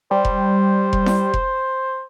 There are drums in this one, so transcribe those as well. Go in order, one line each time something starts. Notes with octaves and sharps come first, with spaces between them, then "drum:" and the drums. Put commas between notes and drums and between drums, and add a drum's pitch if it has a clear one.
G3 C5
drum: kick F1
drum: kick F1
drum: snare E4
drum: kick F1